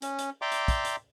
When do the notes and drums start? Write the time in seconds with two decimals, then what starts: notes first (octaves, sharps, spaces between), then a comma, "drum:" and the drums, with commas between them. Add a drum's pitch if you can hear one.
0.02 C#4, drum: hi-hat
0.19 drum: hi-hat
0.42 D5 E5 G5 A#5 C6 D6
0.52 drum: hi-hat
0.68 drum: kick, hi-hat
0.85 drum: hi-hat